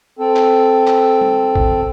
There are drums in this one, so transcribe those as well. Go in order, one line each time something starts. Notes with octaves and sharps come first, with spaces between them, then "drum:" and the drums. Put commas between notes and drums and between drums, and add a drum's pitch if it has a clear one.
C4 A4
drum: clap
drum: clap
drum: tom G3
drum: kick A#1